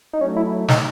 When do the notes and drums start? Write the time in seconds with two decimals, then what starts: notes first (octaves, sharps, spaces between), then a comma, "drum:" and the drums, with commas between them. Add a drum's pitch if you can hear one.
0.13 D#4
0.20 F#3 A3 C#4
0.37 E4
0.68 D#4, drum: snare